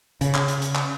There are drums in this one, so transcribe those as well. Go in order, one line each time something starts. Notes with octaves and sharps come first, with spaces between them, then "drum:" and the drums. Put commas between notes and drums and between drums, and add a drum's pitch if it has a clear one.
C#3, drum: hi-hat
drum: clap
drum: hi-hat
drum: hi-hat
drum: clap